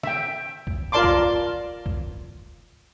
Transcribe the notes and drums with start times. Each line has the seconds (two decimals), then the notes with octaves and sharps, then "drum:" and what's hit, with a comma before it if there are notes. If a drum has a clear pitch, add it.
0.03 E5 G5, drum: snare
0.67 drum: kick
0.92 F4 A#4 D5 A5 C6 D6
1.04 drum: kick
1.86 drum: kick